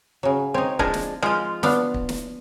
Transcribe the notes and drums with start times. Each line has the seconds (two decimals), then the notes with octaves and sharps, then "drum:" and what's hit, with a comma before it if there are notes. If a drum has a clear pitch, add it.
0.23 C#3 F#3
0.54 C4 D#4 C#5
0.79 F3 G#3 D4, drum: kick
0.94 drum: snare
1.23 F3 G#3 F4
1.63 B3 D4 F5, drum: snare
1.94 drum: kick
2.09 drum: snare